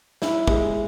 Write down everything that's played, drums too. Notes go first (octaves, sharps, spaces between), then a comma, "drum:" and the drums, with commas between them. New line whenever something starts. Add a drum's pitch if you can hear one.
E4, drum: snare
G#3, drum: kick